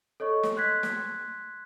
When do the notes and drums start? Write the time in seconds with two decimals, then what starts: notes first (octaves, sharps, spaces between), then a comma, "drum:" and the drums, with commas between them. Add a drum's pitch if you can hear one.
0.20 A4 C#5 D#5 C#6
0.43 drum: snare
0.56 C6 F#6 G#6 B6
0.83 drum: snare